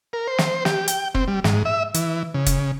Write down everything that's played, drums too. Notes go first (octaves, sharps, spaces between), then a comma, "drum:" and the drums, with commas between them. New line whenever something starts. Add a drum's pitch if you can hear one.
A#4
C5
drum: snare
G4, drum: snare
G5, drum: hi-hat
C4, drum: kick
G3
G#2, drum: snare
E5
E3, drum: hi-hat
C#3
drum: kick, hi-hat